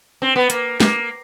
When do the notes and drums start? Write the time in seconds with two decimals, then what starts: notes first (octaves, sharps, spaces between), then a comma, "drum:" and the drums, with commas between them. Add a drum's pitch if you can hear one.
0.22 C4
0.36 B3
0.50 A#3, drum: hi-hat
0.80 A#3, drum: snare